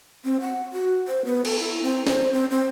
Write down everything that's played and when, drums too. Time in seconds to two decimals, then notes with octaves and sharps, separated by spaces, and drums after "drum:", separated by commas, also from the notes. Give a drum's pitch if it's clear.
0.24 C4
0.41 F#5
0.73 F#4
1.07 C5
1.25 B3
1.45 A4, drum: cymbal
1.59 E4
1.82 C4
2.07 C5, drum: snare
2.33 C4
2.51 C4